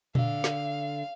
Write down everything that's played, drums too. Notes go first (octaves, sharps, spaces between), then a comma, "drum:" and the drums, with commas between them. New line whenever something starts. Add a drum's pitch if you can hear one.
D3 F5, drum: tom A#2
drum: snare